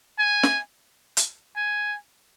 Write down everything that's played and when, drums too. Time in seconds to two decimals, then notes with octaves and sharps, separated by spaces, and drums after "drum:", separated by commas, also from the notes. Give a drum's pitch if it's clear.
0.19 G#5
0.43 drum: snare
1.17 drum: hi-hat
1.56 G#5